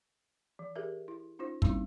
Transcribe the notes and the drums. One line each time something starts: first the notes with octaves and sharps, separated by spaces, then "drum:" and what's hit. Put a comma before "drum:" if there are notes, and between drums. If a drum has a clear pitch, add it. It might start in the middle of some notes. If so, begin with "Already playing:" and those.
E3
G4 G#4 A#4 E5
E4
C#4 D#4 F4 C5
G3 A#3 C4 C#4 D#4 E4, drum: kick